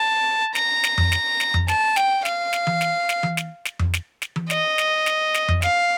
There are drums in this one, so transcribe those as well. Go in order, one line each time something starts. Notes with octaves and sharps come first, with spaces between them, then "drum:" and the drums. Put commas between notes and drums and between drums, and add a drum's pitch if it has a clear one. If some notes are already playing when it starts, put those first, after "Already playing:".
Already playing: A5
A#5, drum: snare
drum: snare
drum: tom F2
drum: snare
drum: snare
drum: tom F2
A5, drum: snare
G5, drum: snare
F5, drum: snare
drum: snare
drum: tom E3
drum: snare
drum: snare
drum: tom E3
drum: snare
drum: snare
drum: tom F2
drum: snare
drum: snare
drum: tom E3
D#5, drum: snare
drum: snare
drum: snare
drum: snare
drum: tom F2
F5, drum: snare